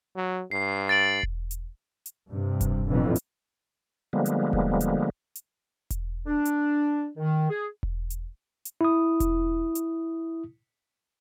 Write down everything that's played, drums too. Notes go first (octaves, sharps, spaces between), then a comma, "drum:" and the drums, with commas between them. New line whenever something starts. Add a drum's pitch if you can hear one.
F#3
G2 C7
A6 D7 F#7
drum: kick E1
drum: hi-hat
drum: hi-hat
G2 C3
drum: kick E1, hi-hat
B1 F2 A2 D3 E3
drum: hi-hat
D3 F3 G3 G#3 A#3 B3
drum: hi-hat
drum: kick E1
drum: hi-hat
drum: hi-hat
drum: kick E1, hi-hat
D4
drum: hi-hat
D#3
G#4
drum: kick E1
drum: hi-hat
drum: hi-hat
E4 D#6
drum: kick E1, hi-hat
drum: hi-hat